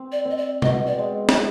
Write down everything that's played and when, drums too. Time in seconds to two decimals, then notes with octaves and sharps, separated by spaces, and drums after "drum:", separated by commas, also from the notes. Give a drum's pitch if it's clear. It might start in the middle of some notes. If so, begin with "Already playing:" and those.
Already playing: C4
0.12 D5
0.25 C4
0.31 D#5
0.37 D5
0.62 B2 D#5, drum: tom B2
0.87 D5
0.99 G#3
1.29 drum: snare